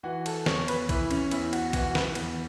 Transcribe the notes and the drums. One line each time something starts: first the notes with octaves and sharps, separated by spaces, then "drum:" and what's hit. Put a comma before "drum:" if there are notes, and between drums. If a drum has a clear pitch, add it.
E3 F#4
A4, drum: cymbal
E2 C#5, drum: snare
B4, drum: cymbal
E3 E4, drum: kick A#1, cymbal
C#4, drum: cymbal
E2 E4, drum: cymbal
F#4, drum: cymbal
E3 F#4, drum: kick A#1, cymbal
B4, drum: snare
E2, drum: cymbal